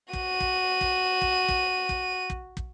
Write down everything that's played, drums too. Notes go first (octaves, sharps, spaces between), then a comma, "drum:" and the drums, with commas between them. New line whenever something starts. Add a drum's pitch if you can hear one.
F#4 D#7, drum: kick
drum: kick
drum: kick
drum: kick
drum: kick
drum: kick
drum: kick
drum: kick